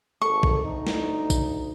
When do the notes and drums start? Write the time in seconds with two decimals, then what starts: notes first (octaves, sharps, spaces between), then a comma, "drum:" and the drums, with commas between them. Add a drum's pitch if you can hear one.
0.22 G#1 A4 C#6
0.43 drum: kick
0.64 D2 D#4
0.87 drum: snare
1.30 drum: kick, tambourine